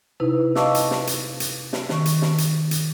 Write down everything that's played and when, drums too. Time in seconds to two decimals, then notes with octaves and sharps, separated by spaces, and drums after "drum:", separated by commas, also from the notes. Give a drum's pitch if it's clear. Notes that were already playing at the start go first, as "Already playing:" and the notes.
0.20 C3 D#4 E4 B4
0.55 D#5 F5 A5 C#6 D6 E6, drum: snare
0.75 drum: hi-hat
0.91 drum: snare
1.07 drum: hi-hat
1.40 drum: hi-hat
1.73 drum: snare
1.89 D#3 C#6, drum: snare
2.06 drum: hi-hat
2.22 drum: snare
2.38 drum: hi-hat
2.71 drum: hi-hat